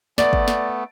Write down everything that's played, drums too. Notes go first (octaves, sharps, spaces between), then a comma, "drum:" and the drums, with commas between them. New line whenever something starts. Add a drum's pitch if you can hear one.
A3 B3 D5, drum: snare
drum: kick
drum: snare